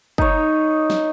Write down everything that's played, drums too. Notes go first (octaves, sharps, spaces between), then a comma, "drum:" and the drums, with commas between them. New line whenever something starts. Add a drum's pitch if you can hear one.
D#4 C#5, drum: kick
drum: snare